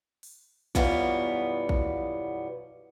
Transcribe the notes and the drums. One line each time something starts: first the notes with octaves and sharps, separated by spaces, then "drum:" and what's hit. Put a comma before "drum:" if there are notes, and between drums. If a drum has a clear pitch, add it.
drum: open hi-hat
F#2 B2 E3 G3 B3 F4, drum: kick A1
drum: kick A1